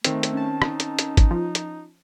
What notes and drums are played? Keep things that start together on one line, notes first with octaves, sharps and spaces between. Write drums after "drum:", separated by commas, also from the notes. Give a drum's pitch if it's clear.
D#3 A3 C4, drum: hi-hat
drum: hi-hat
C#4 A5
D#4, drum: rim click
drum: hi-hat
drum: hi-hat
drum: kick, hi-hat
F3
drum: hi-hat